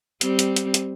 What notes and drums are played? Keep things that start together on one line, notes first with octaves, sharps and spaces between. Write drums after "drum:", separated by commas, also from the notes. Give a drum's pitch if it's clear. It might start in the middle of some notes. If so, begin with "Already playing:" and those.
G3 C4, drum: hi-hat
drum: hi-hat
drum: hi-hat
drum: hi-hat